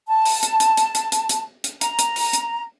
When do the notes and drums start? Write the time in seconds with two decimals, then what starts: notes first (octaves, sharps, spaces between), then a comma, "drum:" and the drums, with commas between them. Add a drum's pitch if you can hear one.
0.07 A5
0.25 drum: open hi-hat
0.43 drum: hi-hat
0.60 drum: hi-hat
0.77 drum: hi-hat
0.95 drum: hi-hat
1.12 drum: hi-hat
1.29 drum: hi-hat
1.64 drum: hi-hat
1.81 A#5, drum: hi-hat
1.99 drum: hi-hat
2.16 drum: open hi-hat
2.33 drum: hi-hat